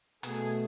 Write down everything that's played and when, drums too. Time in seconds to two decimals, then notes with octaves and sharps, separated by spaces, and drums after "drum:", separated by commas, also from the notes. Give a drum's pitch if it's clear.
0.23 B2 A3 G#4, drum: hi-hat